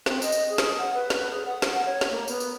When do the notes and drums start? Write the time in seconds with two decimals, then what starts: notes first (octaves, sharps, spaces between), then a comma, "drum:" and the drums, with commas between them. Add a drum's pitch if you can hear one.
0.06 C4, drum: snare
0.22 D#5, drum: tambourine
0.32 drum: tambourine
0.49 G#4
0.58 drum: snare
0.78 F#5
0.94 B4
1.10 drum: snare
1.30 G#4
1.45 F#5
1.62 drum: snare
1.84 C#5
2.01 drum: snare
2.11 A#3
2.28 B3, drum: tambourine
2.40 drum: tambourine